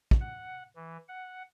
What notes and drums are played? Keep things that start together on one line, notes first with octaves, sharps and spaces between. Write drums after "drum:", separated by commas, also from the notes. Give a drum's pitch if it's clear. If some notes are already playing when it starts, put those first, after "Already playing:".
drum: kick
F#5
E3
F#5